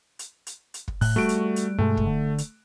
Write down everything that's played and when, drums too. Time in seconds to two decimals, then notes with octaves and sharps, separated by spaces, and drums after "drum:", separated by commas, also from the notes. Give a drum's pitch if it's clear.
0.19 drum: hi-hat
0.47 drum: hi-hat
0.74 drum: hi-hat
0.88 drum: kick
1.01 A2 F#6, drum: open hi-hat
1.16 G3 A3 F#4 D7
1.29 drum: hi-hat
1.56 drum: hi-hat
1.78 G2 B2 G#3 A3
1.97 drum: kick
2.06 D3
2.38 drum: hi-hat